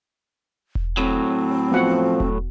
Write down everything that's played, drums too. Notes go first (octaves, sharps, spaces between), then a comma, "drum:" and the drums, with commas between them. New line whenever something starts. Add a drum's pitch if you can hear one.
drum: kick E1
A2 F#3 C4
F3 B3 F#4 F#5
drum: kick E1